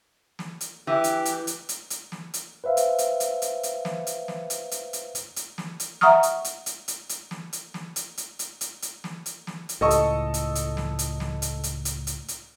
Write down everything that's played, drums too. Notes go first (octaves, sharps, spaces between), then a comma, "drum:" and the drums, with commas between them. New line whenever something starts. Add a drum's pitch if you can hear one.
drum: snare
drum: hi-hat
E3 G4
drum: hi-hat
drum: hi-hat
drum: hi-hat
drum: hi-hat
drum: hi-hat
drum: snare
drum: hi-hat
B4 C5 E5 F5
drum: hi-hat
drum: hi-hat
drum: hi-hat
drum: hi-hat
drum: hi-hat
drum: snare
drum: hi-hat
drum: snare
drum: hi-hat
drum: hi-hat
drum: hi-hat
drum: hi-hat
drum: hi-hat
drum: snare
drum: hi-hat
E5 F#5 A#5 C#6 D#6 F6, drum: snare
drum: hi-hat
drum: hi-hat
drum: hi-hat
drum: hi-hat
drum: hi-hat
drum: snare
drum: hi-hat
drum: snare
drum: hi-hat
drum: hi-hat
drum: hi-hat
drum: hi-hat
drum: hi-hat
drum: snare
drum: hi-hat
drum: snare
drum: hi-hat
C#2 A2 A4 D#5 C#6
drum: hi-hat
drum: hi-hat
drum: hi-hat
drum: snare
drum: hi-hat
drum: snare
drum: hi-hat
drum: hi-hat
drum: hi-hat
drum: hi-hat
drum: hi-hat